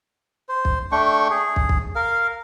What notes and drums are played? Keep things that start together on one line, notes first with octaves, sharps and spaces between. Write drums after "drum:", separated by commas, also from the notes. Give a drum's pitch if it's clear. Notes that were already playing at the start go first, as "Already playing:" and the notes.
C5
drum: kick
A3 D4 G5 C#6
G#4
drum: kick
drum: kick
A#4 F5